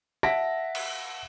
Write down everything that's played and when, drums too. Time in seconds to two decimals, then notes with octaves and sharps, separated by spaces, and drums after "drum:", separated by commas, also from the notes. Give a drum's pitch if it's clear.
0.23 E5 F#5 A5 A#6 B6 D7
0.75 drum: cymbal